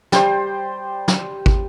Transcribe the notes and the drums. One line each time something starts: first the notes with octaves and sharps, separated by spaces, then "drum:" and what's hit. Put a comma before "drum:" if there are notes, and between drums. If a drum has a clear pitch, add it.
G3 C5, drum: snare
drum: snare
drum: kick